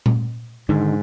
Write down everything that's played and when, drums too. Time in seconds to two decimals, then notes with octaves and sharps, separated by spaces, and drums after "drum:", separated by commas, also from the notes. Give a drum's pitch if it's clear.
0.06 drum: tom A#2
0.69 G#2 D3 D#3